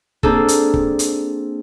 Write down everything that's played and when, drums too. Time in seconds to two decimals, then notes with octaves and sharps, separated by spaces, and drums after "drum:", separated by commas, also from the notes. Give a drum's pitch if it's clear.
0.23 A#3 C4 D4 G#4 A4, drum: kick
0.48 drum: hi-hat
0.74 drum: kick
0.99 drum: hi-hat